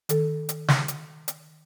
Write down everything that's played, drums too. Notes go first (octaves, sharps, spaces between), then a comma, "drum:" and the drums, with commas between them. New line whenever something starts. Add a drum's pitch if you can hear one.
D#3 A4, drum: hi-hat
drum: hi-hat
drum: snare
drum: hi-hat
drum: hi-hat